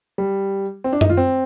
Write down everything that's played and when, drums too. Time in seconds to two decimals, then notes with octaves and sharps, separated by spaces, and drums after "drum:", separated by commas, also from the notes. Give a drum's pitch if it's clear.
0.18 G3
0.84 C4
0.92 D4
1.01 D#4, drum: tom F#2
1.10 F4
1.17 C4